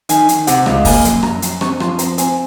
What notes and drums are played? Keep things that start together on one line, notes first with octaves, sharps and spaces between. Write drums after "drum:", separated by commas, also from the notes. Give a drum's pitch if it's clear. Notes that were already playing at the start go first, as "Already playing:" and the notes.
D#3 G#5, drum: hi-hat
D#3, drum: hi-hat
C3 F#5, drum: hi-hat
C#2, drum: rim click
A#3 G#5, drum: kick, open hi-hat
F#2, drum: hi-hat
F#2 A#5, drum: rim click
F#2, drum: hi-hat
C4 C#6, drum: rim click
F3 C6, drum: rim click
C4 A#5, drum: hi-hat
C4 G#5, drum: hi-hat